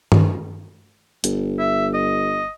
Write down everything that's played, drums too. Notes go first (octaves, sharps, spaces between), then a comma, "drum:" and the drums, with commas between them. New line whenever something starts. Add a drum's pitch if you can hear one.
drum: tom
G1, drum: hi-hat
E5
D#5